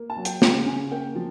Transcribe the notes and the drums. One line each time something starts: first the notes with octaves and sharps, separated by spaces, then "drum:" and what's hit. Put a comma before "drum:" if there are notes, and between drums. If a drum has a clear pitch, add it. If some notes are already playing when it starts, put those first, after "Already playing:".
Already playing: A#3
A5
F#3
G5, drum: hi-hat
C#3 G5, drum: snare
C#3 G#5
A#3 G5
F3